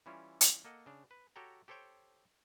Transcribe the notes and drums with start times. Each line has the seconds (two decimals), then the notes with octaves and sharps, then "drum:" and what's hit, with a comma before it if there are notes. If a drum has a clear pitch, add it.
0.06 E3 G3 C#4 E4 F4
0.41 drum: hi-hat
0.65 A#3 A4 D#5 F#5
0.86 C#3 D4
1.11 B4
1.36 F#4 G4 A4 C#5 G5 A#5
1.68 G4 A4 C5 C#5 G5